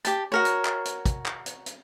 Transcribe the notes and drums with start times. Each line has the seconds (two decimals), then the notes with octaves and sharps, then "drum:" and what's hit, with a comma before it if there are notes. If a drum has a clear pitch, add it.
0.05 G4 A5, drum: hi-hat
0.32 F#4 A#4 C#5
0.45 drum: hi-hat
0.65 drum: clap
0.85 drum: hi-hat
1.06 drum: kick, hi-hat
1.26 drum: clap
1.46 drum: hi-hat
1.66 drum: hi-hat